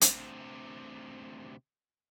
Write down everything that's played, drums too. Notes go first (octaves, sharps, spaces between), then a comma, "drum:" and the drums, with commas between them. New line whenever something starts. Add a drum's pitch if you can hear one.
D2 C3, drum: hi-hat